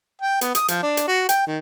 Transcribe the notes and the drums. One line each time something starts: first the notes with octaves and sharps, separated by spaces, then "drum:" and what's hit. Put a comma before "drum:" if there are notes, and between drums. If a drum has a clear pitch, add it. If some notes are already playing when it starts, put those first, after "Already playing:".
G5
B3, drum: hi-hat
D#6, drum: hi-hat
F3, drum: hi-hat
D4
drum: hi-hat
F#4
G5, drum: hi-hat
D#3